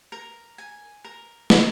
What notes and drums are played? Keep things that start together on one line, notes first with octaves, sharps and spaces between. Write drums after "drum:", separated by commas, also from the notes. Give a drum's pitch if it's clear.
A#4
G#5
A#4
A#4, drum: snare